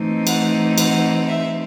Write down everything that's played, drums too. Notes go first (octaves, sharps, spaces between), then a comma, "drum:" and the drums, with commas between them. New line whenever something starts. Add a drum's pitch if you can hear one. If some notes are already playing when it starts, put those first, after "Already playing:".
Already playing: E3 A3 C4 D#4
F#5, drum: cymbal
F#5, drum: cymbal
E5